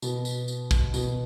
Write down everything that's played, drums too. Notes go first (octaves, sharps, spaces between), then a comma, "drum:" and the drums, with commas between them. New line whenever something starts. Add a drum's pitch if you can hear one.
B2, drum: tambourine
drum: tambourine
drum: tambourine
drum: kick, tambourine
B2, drum: tambourine